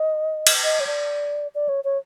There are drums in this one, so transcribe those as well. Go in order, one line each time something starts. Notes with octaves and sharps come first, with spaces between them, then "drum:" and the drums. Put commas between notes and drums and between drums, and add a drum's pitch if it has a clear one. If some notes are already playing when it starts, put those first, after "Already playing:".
Already playing: D#5
drum: cymbal
D#5
C#5
D5
D5
C#5
C#5